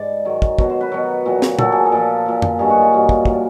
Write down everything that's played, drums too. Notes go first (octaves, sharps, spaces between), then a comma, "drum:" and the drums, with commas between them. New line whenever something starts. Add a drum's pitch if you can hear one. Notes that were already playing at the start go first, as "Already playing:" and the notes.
Already playing: G#2 D5
G#2 D#3 F#3
drum: kick
B2 F#3, drum: kick
C5
B4
B2 F#3
A#2 F#3
drum: snare
A#2 F#3 A4, drum: tom
G#4
A4
A#2 F3
A#2 F3
drum: tom
G2 D#3 F#3 G#4
F#4
F4
G2 D#3 F#3 F4
drum: kick
A#2 F3, drum: kick